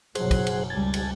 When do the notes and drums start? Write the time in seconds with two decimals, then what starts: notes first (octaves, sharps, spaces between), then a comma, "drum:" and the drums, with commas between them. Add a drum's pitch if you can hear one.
0.15 F#1 B2 F#3 G#4 C5 F#5, drum: cymbal
0.31 drum: kick, cymbal
0.47 drum: cymbal
0.70 C#2 G3 G#5 A5
0.94 drum: cymbal